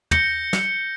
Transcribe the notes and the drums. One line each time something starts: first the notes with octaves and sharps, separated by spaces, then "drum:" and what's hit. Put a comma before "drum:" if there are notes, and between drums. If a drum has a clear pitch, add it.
G6 A#6 C#7 G7, drum: tom
drum: snare